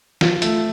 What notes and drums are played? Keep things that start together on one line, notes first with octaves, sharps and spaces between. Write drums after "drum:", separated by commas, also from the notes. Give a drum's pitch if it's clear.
F3, drum: snare
A3, drum: hi-hat